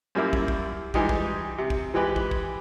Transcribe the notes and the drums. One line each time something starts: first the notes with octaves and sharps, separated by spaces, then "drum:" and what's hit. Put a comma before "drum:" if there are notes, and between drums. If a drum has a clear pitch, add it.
F#2 G3 A#3 E4
drum: kick
drum: kick
E3 G3 G#3 D#4 G4, drum: kick
drum: kick
C3
drum: kick
E3 G#3 G4 B4
drum: kick
drum: kick